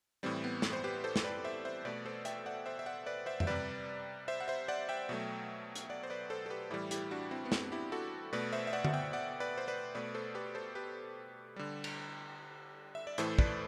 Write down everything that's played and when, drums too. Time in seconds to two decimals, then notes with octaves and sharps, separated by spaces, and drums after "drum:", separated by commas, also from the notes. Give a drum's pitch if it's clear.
0.23 A2 E3 G3 C4
0.44 B3
0.62 drum: snare
0.73 C5
0.84 G4 B4
1.04 A4 C5
1.16 C5, drum: snare
1.24 B4 D5
1.44 C5 E5
1.65 C5 E5
1.85 B2 A3 B4 D5
2.06 A4 C5
2.25 E5 G5, drum: hi-hat
2.46 D5 F#5
2.66 C5 E5
2.79 E5
2.86 D5 F#5
3.06 B4 D5
3.26 C5 E5
3.40 E5, drum: tom F2
3.47 C3 G3 B4 D5
4.28 C5 E5
4.40 F#5
4.48 C5 E5
4.68 D5 F#5
4.89 E5 G5
5.09 B2 F#3 A3
5.76 drum: hi-hat
5.89 D5 F#5
6.03 C5
6.10 B4 D5
6.30 A4 C5
6.46 A4
6.50 G4 B4
6.70 A2 E3 G3 E4 G4
6.91 E4 G4, drum: hi-hat
7.11 D4 F#4
7.31 C4 E4
7.45 B3
7.52 C4, drum: snare
7.72 E4 G4
7.92 F#4 A4
8.33 B2 A3 B4 D5
8.52 C5 E5
8.67 E5
8.73 D5 F#5
8.84 F#5, drum: tom D3
8.94 E5 G5
9.13 D5 F#5
9.40 B4 D5
9.58 C5
9.67 B4 D5
9.95 B2 A3 B4 D5
10.15 A4 C5
10.35 G4 B4
10.55 A4 C5
10.75 G4 B4
11.56 D3 G3
11.84 drum: cymbal
12.95 E5
13.07 D5
13.18 A2 E3 A3 A4 C5, drum: hi-hat
13.39 B4 D5, drum: kick